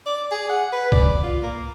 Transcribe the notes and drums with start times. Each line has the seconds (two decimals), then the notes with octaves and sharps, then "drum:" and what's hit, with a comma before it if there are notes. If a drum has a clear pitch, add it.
0.06 D5
0.31 G#4
0.49 F#5
0.73 B4
0.92 D5, drum: kick
1.23 F4
1.43 A#3